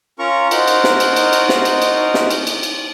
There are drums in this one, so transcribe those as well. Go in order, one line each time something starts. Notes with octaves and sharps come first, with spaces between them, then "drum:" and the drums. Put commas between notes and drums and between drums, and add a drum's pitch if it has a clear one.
C#4 F4 A#4 A#5 C#6
D#4 F#4 A#4 C5, drum: cymbal
drum: cymbal
drum: snare
drum: cymbal
drum: cymbal
drum: cymbal
drum: snare
drum: cymbal
drum: cymbal
drum: snare
drum: cymbal
drum: cymbal
drum: cymbal